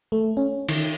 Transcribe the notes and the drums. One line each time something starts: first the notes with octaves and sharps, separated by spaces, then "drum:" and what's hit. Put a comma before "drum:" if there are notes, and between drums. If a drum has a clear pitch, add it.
A3
C#4
D#3, drum: cymbal